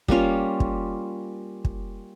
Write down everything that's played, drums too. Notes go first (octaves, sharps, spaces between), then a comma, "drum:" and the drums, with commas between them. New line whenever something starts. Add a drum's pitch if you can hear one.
G3 A#3 C#4 F4, drum: kick
drum: kick
drum: kick